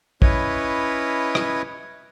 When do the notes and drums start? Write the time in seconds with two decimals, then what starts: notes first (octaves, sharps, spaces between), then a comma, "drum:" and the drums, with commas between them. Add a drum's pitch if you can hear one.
0.22 C#4 E4 B4 C#5 D#5, drum: kick
1.35 drum: rim click